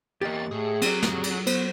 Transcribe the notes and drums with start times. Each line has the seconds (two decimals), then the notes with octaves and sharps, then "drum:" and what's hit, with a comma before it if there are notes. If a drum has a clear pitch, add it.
0.21 E2 A#3 G4 D#5 A6
0.51 A2 G#4
0.82 F#3 C4 G4 D5, drum: cymbal
1.03 drum: snare
1.23 drum: cymbal
1.47 B3 C5, drum: cymbal